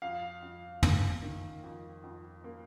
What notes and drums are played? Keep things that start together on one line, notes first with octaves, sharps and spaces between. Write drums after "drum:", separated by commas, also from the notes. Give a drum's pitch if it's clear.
F2 F5
F2
A#3, drum: tom
D#3
F2
F2
A#3